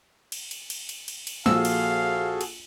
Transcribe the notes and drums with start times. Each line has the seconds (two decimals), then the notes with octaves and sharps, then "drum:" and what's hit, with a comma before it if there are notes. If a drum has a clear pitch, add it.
0.32 drum: cymbal
0.51 drum: cymbal
0.70 drum: cymbal
0.89 drum: cymbal
1.08 drum: cymbal
1.27 drum: cymbal
1.46 A#1 F#4 G#4 A4 F5 E6, drum: snare
1.65 drum: cymbal
2.41 drum: cymbal